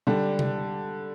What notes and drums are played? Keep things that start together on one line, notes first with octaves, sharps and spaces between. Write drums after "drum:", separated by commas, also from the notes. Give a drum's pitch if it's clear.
D3 G3 D4
drum: tom C3